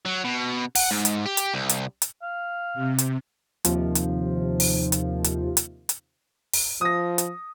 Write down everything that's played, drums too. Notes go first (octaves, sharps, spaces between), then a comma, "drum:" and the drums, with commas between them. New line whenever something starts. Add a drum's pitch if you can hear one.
F#3
B2
F#5, drum: open hi-hat
G#2
drum: hi-hat
G4
drum: hi-hat
C2
drum: hi-hat
drum: hi-hat
F5
C3
drum: hi-hat
D#2 C3 F3, drum: hi-hat
drum: hi-hat
drum: open hi-hat
drum: hi-hat
drum: hi-hat
drum: hi-hat
drum: hi-hat
drum: open hi-hat
F3 D#6 A#6
drum: hi-hat